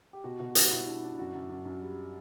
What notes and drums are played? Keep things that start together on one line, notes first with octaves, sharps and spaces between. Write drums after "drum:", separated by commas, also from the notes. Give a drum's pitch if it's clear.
G4
B2 F#4
B2 F#4
G3 F#4, drum: hi-hat
B2 E4
D4
D4
F#2 F#4
F#2
F#2
F#2
G3